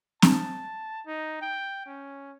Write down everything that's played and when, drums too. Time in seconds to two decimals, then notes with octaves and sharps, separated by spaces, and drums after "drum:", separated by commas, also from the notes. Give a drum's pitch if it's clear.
0.22 A5, drum: snare C4
1.06 D#4
1.41 G5
1.86 C#4